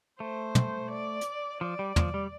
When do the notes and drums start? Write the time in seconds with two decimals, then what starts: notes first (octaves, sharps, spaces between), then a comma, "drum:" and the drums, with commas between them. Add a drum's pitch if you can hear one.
0.20 A3 C5
0.55 drum: tom
0.91 D5
1.21 drum: hi-hat
1.61 F3 D5
1.79 G3
1.96 F3, drum: tom
2.14 G3